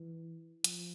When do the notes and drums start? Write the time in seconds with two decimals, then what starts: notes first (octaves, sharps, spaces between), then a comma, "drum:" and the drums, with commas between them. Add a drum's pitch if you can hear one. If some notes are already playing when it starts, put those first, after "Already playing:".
Already playing: E3
0.64 F3, drum: hi-hat